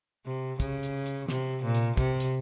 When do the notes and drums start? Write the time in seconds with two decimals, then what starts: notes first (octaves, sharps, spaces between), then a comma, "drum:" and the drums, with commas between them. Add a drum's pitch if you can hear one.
0.26 C3
0.60 C#3, drum: kick, hi-hat
0.83 drum: hi-hat
1.06 drum: hi-hat
1.28 C3, drum: snare
1.64 A#2
1.74 drum: hi-hat
1.97 C3, drum: kick, hi-hat
2.20 drum: hi-hat